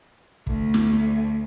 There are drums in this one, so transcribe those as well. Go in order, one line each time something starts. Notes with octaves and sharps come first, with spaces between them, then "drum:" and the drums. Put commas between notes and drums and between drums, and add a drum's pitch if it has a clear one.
D2, drum: kick
drum: snare